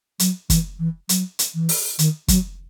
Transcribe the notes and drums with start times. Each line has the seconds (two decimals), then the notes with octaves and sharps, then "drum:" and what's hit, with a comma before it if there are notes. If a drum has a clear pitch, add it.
0.19 F#3, drum: hi-hat
0.50 E3, drum: kick, hi-hat
0.79 E3
1.09 F#3, drum: hi-hat
1.39 drum: hi-hat
1.54 E3
1.69 drum: open hi-hat
1.99 D#3, drum: hi-hat
2.28 F#3, drum: kick, hi-hat